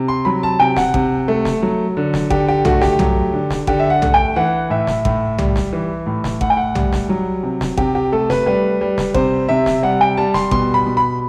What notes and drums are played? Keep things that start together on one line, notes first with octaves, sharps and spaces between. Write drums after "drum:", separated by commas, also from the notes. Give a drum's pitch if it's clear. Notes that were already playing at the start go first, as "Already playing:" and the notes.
Already playing: C3
C6
F#3 B5
A5
C3 G5
F#5, drum: snare
C3, drum: kick G#1
A3
drum: snare
F#3
D3
drum: snare
D3 G4, drum: kick G#1
G4
A3 F#4, drum: tom B1
G4, drum: snare
F#3, drum: tom B1
D3
drum: snare
D3 G4, drum: kick G#1
E5
F#5
A3, drum: tom B1
G5
E3 F#5
A2 E5
drum: snare
A2, drum: kick G#1
G3, drum: tom B1
drum: snare
E3
A2
drum: snare
A2 F#5, drum: kick G#1
G5
F#5
G3, drum: tom B1
drum: snare
F#3
C3
drum: snare
C3 G4, drum: kick G#1
G4
A3 A4
B4, drum: snare
G3 B4
G3
drum: snare
C3 C5, drum: kick G#1
C3 E5
drum: snare
G3 F#5
G5
G3 A5
C6, drum: snare
B2 C6, drum: kick G#1
B5
B2
B5